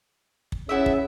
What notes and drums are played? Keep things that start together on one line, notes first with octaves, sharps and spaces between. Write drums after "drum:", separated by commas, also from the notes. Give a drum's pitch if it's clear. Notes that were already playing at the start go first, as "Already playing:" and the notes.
drum: kick
B3 C#4 E4 G#4 E5
drum: kick